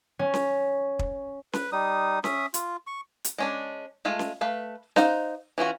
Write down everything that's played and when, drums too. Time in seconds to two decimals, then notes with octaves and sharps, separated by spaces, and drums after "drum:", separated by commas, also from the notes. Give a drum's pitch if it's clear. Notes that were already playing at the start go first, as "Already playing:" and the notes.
0.19 C#4
0.34 drum: snare C#4
0.99 drum: kick
1.53 B4, drum: snare C#4
1.72 G3 D#4 D#6
2.24 C#4 E5 D#6, drum: snare C#4
2.54 F4, drum: hi-hat
2.87 C#6
3.24 drum: hi-hat
3.38 G#3 C#4 D4
4.05 G#3 A3 F4 A4
4.19 drum: snare C#4
4.41 A3 B4 F5
4.96 D#4 C5 F5 F#5, drum: snare C#4
5.58 E3 C#4 F4 F#4